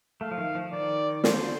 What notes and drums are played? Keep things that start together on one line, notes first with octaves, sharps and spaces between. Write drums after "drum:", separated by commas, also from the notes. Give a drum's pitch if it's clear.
A3 F5
F3
D#3
F3
D#3 D5
D3 C5, drum: snare